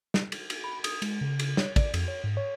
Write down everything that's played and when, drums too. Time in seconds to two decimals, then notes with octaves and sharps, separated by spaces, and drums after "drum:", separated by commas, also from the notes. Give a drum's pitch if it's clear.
0.14 drum: snare
0.32 drum: cymbal
0.50 drum: cymbal
0.64 B5
0.84 D#6, drum: cymbal
1.02 G#3, drum: cymbal
1.21 C#3
1.39 drum: cymbal
1.57 C#5, drum: snare
1.76 D5, drum: kick, cymbal
1.94 F2, drum: cymbal
2.08 C#5
2.24 G#2
2.37 C#5